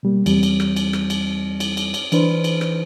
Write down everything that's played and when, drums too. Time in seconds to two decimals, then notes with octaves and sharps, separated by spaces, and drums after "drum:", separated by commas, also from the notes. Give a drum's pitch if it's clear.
0.03 B2 G3 A#3
0.26 E2 G3 C4, drum: cymbal
0.43 drum: cymbal
0.60 drum: rim click
0.76 drum: cymbal
0.93 drum: rim click
1.10 drum: cymbal
1.60 drum: cymbal
1.77 drum: cymbal
1.94 drum: cymbal
2.12 E3 D4 B4 C5, drum: cymbal
2.44 drum: cymbal
2.61 drum: rim click